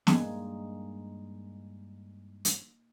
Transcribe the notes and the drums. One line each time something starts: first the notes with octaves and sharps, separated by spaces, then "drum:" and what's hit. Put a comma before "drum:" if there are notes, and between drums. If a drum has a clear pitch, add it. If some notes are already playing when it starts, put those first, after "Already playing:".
G2 G#3 A#3 D#4, drum: snare
drum: hi-hat